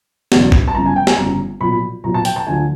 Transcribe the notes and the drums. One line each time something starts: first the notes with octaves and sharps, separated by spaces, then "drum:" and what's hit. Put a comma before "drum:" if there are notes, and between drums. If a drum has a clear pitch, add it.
F#1 E2 B2, drum: snare
drum: kick A1
A5
G1 F2 C#3 A#5
G#5
G5
G#5, drum: snare
G1 F2 C#3 A#5
B1 A#2 F3 B5
B1 A#2 F3 A#5
A5
G5, drum: hi-hat
A5
D2 D3 F3 G#5